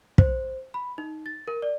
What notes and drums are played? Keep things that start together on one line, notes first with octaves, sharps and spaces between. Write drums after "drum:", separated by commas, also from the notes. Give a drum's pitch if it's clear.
C5, drum: kick
B5
D#4
A6
A#4
D5